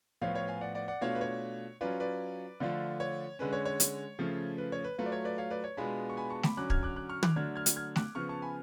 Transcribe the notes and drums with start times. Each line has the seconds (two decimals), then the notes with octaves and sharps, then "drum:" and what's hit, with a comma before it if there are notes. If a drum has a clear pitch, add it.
0.22 A2 F3 B3 F4 C#5 F5
0.35 C#5 F5
0.48 F5 G#5
0.61 D5 F#5
0.75 D5 F#5
0.88 D5 F#5
1.01 B2 A3 D4 F4 C#5 F5
1.15 B4
1.21 C#5
1.81 F#3 C#4 F4 B4 D5
2.00 B4 D5
2.60 D3 F3 A3 D4 F4
3.00 C#5
3.39 D3 G#3 C#4 B4
3.53 C#5
3.65 C#5
3.80 drum: hi-hat
4.19 C#3 F3 A3
4.58 B4
4.72 C#5
4.84 B4
4.98 F#3 A3 F4 B4
5.06 D5
5.12 C#5
5.25 B4 D5
5.38 C#5 F5
5.51 B4 D5
5.64 C#5
5.77 B2 G#3 B3 D4 F4 G#5 B5
6.10 C#6
6.17 G#5 B5
6.30 A5 C#6
6.43 B5 D6, drum: snare A3
6.57 D3 F#3 C#4 D6 F#6
6.70 F6 G#6, drum: kick
6.83 D6 F#6
6.96 D6 F#6
7.09 C#6 F6
7.23 D6 F#6, drum: tom
7.36 D3 F#3 A3 D4 F6 G#6
7.56 F6 G#6
7.66 drum: hi-hat
7.76 F6 G#6
7.96 D6 F#6, drum: snare A3
8.15 C#3 F3 B3 C#6 F6
8.29 A5 C#6
8.42 G#5 B5